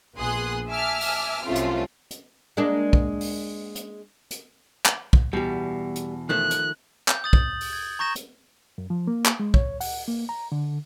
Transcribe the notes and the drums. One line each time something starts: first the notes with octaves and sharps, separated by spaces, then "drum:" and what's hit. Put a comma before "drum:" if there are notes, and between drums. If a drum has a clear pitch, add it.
A#1 B3 G#4 C6 D#6 F#6
E5 G#5 A5 D6 E6 F6
drum: open hi-hat
C2 F#2 A3 C4 F4
drum: hi-hat
drum: hi-hat
G#3 A#3 D4
drum: kick
drum: open hi-hat
drum: hi-hat
drum: hi-hat
drum: clap
drum: kick
E2 B2 G3 G4
drum: hi-hat
D#3 F3 A3 F#6
drum: hi-hat
G6, drum: clap
D#6 A6 F#7
drum: kick
drum: open hi-hat
G#6
A#5 C#6 G6 A#6 E7
drum: hi-hat
F#2
F3
A#3
drum: clap
G#3
C#5, drum: kick
F#5, drum: open hi-hat
A#3
A#5
D3